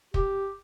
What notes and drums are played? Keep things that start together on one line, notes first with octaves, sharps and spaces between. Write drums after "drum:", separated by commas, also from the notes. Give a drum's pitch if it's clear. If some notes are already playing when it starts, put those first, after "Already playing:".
G4, drum: kick